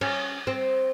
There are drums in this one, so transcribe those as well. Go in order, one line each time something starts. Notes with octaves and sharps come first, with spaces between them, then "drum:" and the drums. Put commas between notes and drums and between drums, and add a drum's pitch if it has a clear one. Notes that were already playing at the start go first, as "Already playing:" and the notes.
C#4, drum: cymbal
C4